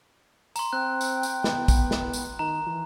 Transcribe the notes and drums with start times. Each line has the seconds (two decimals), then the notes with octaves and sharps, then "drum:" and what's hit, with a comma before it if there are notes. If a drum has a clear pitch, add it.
0.56 A#5 C6, drum: tambourine
0.73 C4 G5 F#6
1.01 drum: tambourine
1.23 drum: tambourine
1.44 B3, drum: snare
1.68 drum: kick, tambourine
1.91 drum: snare
2.13 drum: tambourine
2.39 D#3 A#5
2.66 E3